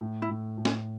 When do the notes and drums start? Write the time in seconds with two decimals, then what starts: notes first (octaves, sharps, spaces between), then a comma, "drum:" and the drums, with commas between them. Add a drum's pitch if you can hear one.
0.01 A2
0.22 E4
0.29 A2
0.58 A2
0.65 C#4, drum: snare